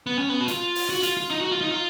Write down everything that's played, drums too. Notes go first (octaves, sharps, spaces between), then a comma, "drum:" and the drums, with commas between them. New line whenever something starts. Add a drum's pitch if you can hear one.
B3
C#4
B3
F#4
F4, drum: hi-hat
drum: open hi-hat
F#4
F4, drum: hi-hat
F4
D#4
F#4
F4
D#4
F4